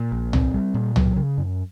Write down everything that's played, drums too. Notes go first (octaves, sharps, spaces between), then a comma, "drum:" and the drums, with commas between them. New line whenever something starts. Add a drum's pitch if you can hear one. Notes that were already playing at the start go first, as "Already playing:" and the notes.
Already playing: A#2
A#1
C4, drum: tom C2
G3
A#2
F#3, drum: tom C2
C#3
F#2